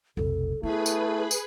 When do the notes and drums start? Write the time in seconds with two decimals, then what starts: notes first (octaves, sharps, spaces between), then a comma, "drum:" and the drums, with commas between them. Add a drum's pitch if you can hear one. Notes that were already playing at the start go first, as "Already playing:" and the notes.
0.17 F1 B1 A4
0.63 A3 B3 E4 G#4 B4 B5
0.86 drum: tambourine
1.31 drum: tambourine